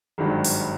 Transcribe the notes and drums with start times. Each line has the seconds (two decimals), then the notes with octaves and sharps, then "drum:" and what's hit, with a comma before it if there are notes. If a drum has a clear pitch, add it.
0.18 G#1 G2 D#3 F#3
0.45 drum: open hi-hat